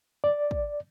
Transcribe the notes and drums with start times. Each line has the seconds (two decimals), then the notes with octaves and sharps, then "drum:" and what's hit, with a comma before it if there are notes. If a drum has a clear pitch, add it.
0.24 D5
0.51 drum: kick